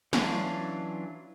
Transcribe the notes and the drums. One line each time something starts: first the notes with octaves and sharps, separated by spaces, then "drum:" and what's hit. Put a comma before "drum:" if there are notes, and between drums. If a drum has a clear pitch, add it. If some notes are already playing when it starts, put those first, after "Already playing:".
E3 F#3 C#4 D4 F4, drum: snare